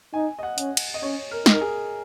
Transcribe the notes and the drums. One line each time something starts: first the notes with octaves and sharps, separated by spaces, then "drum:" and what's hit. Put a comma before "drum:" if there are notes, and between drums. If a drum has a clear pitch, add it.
D#4 G#5
D#5
F#5
C#4, drum: hi-hat
drum: cymbal
D#5
C#4 C#5
A#4
D#4, drum: snare
A#4
G#4